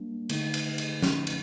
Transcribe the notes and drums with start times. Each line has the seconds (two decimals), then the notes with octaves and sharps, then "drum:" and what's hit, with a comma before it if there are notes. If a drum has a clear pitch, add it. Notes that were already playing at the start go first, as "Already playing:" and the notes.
Already playing: G3 A#3 D4
0.29 D3 A3 D#4, drum: cymbal
0.54 drum: cymbal
0.78 drum: cymbal
1.02 drum: snare
1.27 drum: cymbal